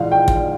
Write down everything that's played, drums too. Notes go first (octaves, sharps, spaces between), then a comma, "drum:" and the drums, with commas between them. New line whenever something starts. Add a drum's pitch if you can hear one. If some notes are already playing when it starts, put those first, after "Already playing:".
Already playing: A#1 G#2 E3 F5
G5
drum: kick